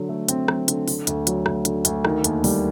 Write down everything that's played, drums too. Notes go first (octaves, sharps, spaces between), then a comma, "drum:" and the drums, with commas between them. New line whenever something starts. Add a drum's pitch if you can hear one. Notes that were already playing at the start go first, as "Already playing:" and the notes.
Already playing: D3 F#3
A3
C4, drum: hi-hat
F#3, drum: rim click
D3, drum: hi-hat
D3, drum: open hi-hat
D2, drum: hi-hat
F#3, drum: hi-hat
D2, drum: rim click
D3, drum: hi-hat
D2, drum: hi-hat
D#3, drum: rim click
D#2, drum: hi-hat
G3, drum: open hi-hat